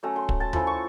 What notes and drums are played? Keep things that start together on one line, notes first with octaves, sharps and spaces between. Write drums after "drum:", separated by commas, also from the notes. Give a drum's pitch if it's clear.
F#3 A3 C#4 A#5
C6
A#5, drum: kick
A5
F3 A3 C#4 E4, drum: tom D#2
C#6